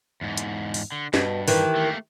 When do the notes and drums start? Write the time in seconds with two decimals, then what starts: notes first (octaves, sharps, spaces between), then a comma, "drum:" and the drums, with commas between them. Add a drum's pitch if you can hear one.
0.21 E2 G#2
0.37 drum: hi-hat
0.74 drum: open hi-hat
0.92 D3
1.14 G2 B2, drum: snare
1.48 D#3 E3 G4, drum: open hi-hat
1.76 A3 A#3